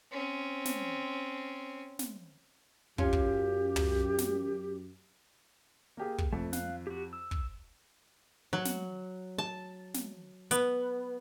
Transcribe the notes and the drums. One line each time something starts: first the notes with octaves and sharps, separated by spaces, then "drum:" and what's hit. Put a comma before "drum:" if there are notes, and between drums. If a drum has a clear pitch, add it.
C4 C#4
drum: snare
drum: snare
F#2 C#4 F4 G4, drum: kick
drum: kick
drum: tom
drum: snare
A#3 G4 G#4
drum: kick
F2 A3
F5 F#6, drum: snare
F#4 G4
E6
drum: kick
F#3
drum: snare
A5
drum: snare
B3, drum: hi-hat